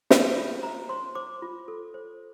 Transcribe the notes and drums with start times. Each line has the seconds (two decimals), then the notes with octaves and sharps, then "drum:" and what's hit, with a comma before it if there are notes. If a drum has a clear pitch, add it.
0.10 F4, drum: snare
0.37 F4
0.63 C5 A#5
0.89 C5 C6
1.15 C5 D6
1.42 F4
1.68 A4
1.94 C5